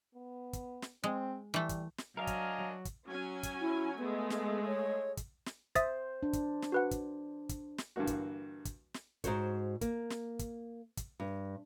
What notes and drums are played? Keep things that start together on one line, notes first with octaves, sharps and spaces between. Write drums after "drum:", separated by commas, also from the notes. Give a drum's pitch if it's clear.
B3
drum: kick, hi-hat
drum: snare
G#3 C4
E3 G3 A3
drum: kick, hi-hat
drum: snare
F#3 D4 A#4 D#5 F5 G#5
drum: kick, hi-hat
drum: kick, hi-hat
F#3 C#4 G#5
drum: kick, hi-hat
E4
G#3 A3 B3
drum: snare
C#5
drum: kick, hi-hat
drum: snare
C5 E5 D#6 A6, drum: kick, hi-hat
D4
drum: kick, hi-hat
drum: snare
F#4 B4 F#5
drum: kick, hi-hat
drum: kick, hi-hat
drum: snare
G2 D3 E3 A#3 F#4
drum: kick, hi-hat
drum: kick, hi-hat
drum: snare
G#2 F#4 C5 C#5, drum: kick, hi-hat
A#3, drum: kick, hi-hat
drum: snare
drum: kick, hi-hat
drum: kick, hi-hat
G2